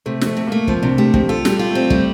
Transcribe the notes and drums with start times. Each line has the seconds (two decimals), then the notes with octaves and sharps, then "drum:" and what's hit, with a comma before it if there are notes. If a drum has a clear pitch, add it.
0.06 C3 A3
0.21 F2 A3, drum: snare
0.37 C3
0.47 A3 A#3
0.67 F3 C4, drum: kick
0.83 C3 D4
0.98 A3 G4
1.14 F2 G4, drum: kick
1.29 F4 A4
1.45 G3 G4, drum: snare
1.59 F4
1.70 A3
1.75 C4
1.90 G3 A3, drum: kick